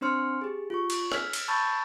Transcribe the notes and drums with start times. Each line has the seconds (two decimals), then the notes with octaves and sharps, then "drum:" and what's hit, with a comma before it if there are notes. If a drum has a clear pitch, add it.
0.01 C4 D4 C5 C6 F6 C#7
0.42 G4 G#4
0.70 F4 C#6
0.90 drum: cymbal
1.12 E6 F6 G#6 B6, drum: rim click
1.33 drum: cymbal
1.48 A5 B5 C#6 E6 G6 A6